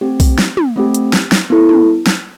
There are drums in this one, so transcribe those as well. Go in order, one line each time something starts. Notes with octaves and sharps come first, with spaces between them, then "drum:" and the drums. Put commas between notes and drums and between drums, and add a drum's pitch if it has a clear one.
A3 C4 G4
drum: kick B1, open hi-hat
drum: snare
drum: tom
A3 C4 G4
drum: hi-hat
drum: snare
drum: snare
B3 E4 A4
drum: tom
drum: snare